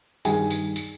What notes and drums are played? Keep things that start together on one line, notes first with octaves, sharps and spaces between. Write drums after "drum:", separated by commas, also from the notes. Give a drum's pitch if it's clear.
G2 D#3 G3 G#4 G#5, drum: tambourine
drum: tambourine
drum: tambourine